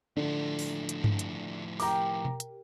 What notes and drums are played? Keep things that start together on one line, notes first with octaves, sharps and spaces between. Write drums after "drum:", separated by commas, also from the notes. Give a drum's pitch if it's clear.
A2 D3 F3
drum: open hi-hat
drum: hi-hat
drum: tom G2
drum: hi-hat
G4 A#4 A#5 D6, drum: open hi-hat
drum: tom B2
drum: hi-hat